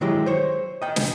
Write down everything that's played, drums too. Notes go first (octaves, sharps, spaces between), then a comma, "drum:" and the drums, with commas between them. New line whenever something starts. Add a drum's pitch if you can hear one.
D#3 F#3 G#3 E4 G4
C5 C#5
D#5 G5
drum: snare